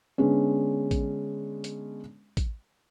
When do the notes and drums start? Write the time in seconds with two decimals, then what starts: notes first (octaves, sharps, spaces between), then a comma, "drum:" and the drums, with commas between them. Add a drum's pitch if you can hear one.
0.18 D3 G#3 B3 C#4
0.91 drum: kick A1, hi-hat
1.64 drum: hi-hat
2.37 drum: kick A1, hi-hat